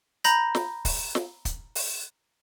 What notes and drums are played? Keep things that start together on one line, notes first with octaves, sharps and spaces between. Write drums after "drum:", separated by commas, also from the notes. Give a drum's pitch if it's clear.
A#5 B5 G6 A#6, drum: hi-hat
drum: snare
drum: kick, open hi-hat
drum: snare
drum: kick, hi-hat
drum: open hi-hat